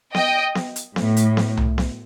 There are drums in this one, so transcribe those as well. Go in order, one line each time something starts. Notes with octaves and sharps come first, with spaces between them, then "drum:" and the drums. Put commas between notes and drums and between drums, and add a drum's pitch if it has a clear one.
D#5 G5, drum: snare B3
drum: snare B3
drum: hi-hat
A2, drum: snare B3
drum: hi-hat
drum: snare B3
drum: tom C2
drum: snare B3